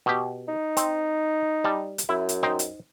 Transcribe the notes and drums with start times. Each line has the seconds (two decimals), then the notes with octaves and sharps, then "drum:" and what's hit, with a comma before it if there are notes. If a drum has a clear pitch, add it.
0.06 B2 G4
0.48 D#4
0.77 C4, drum: hi-hat
1.64 G3 A5
1.98 drum: hi-hat
2.09 F#2 E4
2.29 drum: hi-hat
2.43 D#4 C5 G5
2.59 drum: hi-hat